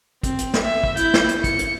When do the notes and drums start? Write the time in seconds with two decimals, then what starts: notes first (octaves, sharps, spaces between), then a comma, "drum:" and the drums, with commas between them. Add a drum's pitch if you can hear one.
0.23 C4, drum: kick, hi-hat
0.38 drum: hi-hat
0.53 drum: snare
0.64 E5
0.84 drum: kick
0.97 E4 G6, drum: hi-hat
1.14 drum: snare
1.29 drum: hi-hat
1.44 C#7, drum: kick, hi-hat
1.59 drum: hi-hat